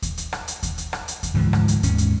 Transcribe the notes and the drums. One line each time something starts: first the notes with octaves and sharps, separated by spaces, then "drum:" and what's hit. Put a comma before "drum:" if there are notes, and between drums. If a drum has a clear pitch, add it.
drum: kick D#2, hi-hat
drum: hi-hat
drum: rim click
drum: hi-hat
drum: kick D#2, hi-hat
drum: hi-hat
drum: rim click
drum: hi-hat
drum: kick D#2, hi-hat
D2 G#2 E3 F3
drum: rim click
drum: hi-hat
D#2 G#2 C#4, drum: kick D#2, hi-hat
drum: hi-hat